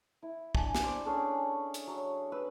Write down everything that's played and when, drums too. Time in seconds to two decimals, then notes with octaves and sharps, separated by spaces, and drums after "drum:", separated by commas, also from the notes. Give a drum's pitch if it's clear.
0.22 E4
0.55 D4 G#5, drum: kick
0.75 drum: snare
0.84 C5 D5
1.05 C#4 D4 G#4 A4
1.74 drum: hi-hat
1.87 F#3
2.32 B4 E6